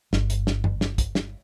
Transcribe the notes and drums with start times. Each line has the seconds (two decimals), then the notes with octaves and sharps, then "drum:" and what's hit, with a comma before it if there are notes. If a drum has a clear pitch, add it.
0.13 G1, drum: snare
0.30 drum: hi-hat
0.47 drum: snare
0.64 drum: tom F#2
0.81 drum: snare
0.98 drum: kick, hi-hat
1.15 drum: snare